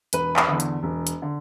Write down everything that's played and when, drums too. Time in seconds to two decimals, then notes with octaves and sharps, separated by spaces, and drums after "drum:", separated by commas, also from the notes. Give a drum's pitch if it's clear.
0.13 E1 B4, drum: hi-hat
0.36 drum: clap
0.48 E2 D3
0.60 drum: hi-hat
0.83 E1
1.07 drum: hi-hat
1.22 D3